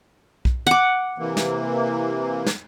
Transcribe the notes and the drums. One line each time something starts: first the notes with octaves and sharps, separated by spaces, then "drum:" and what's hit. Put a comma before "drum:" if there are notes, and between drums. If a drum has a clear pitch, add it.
drum: kick B1
F#5 D6
C3 E3 A#3
drum: snare
drum: snare